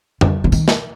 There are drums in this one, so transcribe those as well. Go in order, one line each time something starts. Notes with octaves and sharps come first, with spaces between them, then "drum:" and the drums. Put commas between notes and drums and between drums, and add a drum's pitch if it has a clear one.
D3, drum: tom
D3
D#3, drum: tambourine
drum: snare